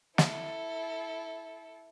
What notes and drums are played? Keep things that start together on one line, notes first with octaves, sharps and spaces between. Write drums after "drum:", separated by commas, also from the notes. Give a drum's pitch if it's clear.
E4 A4, drum: snare